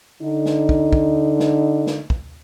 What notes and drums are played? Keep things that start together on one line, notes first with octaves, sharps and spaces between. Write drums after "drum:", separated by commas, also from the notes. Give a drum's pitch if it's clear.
D3 D#4
drum: snare
drum: kick
drum: kick
drum: snare
drum: snare
drum: kick